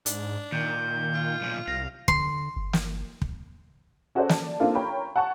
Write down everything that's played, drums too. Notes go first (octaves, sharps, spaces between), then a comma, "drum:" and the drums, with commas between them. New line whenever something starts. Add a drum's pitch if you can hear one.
G#2 D4, drum: hi-hat
A#2 D#3 G6
F4
B1 A#2
C2 F5 A#6
D3 C6, drum: kick
G1
drum: snare
drum: kick
C#4 F#4 G#4 A4 C5 D5
D5 A5, drum: snare
A#3 C4 D4 D#4 F4 A4
A#4 C#5 G5 A#5 B5
F#5 G#5 A5 C#6